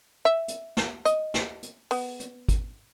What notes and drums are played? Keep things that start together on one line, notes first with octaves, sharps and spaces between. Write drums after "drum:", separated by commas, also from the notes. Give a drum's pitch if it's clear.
E5
drum: hi-hat
drum: snare
D#5, drum: hi-hat
drum: snare
drum: hi-hat
B3, drum: open hi-hat
drum: hi-hat
drum: kick, hi-hat